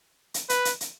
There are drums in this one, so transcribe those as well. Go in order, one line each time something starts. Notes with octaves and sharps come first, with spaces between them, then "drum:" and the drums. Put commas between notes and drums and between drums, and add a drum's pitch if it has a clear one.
drum: hi-hat
B4, drum: hi-hat
drum: hi-hat
drum: hi-hat